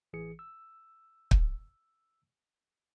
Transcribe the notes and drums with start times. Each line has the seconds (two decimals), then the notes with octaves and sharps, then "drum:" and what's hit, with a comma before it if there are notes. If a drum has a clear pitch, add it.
0.13 A1 E3 G#4 C#7
0.39 E6
1.31 drum: kick